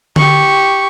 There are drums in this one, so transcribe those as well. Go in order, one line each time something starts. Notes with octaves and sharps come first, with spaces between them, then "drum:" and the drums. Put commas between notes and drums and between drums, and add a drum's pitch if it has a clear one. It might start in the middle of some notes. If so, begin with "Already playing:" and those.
G4 C#6, drum: tom D3